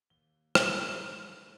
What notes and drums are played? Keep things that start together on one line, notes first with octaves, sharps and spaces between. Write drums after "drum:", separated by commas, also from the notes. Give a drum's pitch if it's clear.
D#2 G7
drum: rim click
F4 G#4 F6